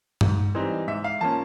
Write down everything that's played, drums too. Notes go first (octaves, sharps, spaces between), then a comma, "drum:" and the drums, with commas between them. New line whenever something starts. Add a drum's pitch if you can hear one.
G#2, drum: tom G2
E3 G3 C4 D#4
G#2 E5
F5
F3 A#3 C#4 A5